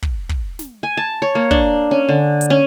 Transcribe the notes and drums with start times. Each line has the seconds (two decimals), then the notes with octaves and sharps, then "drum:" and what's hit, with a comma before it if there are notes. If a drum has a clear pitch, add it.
0.03 drum: kick
0.29 drum: kick
0.59 drum: snare
0.83 G#5
0.97 A5
1.22 C#5
1.35 A#3
1.51 D4, drum: kick
1.91 C#4
2.09 D3
2.41 drum: hi-hat
2.50 C#4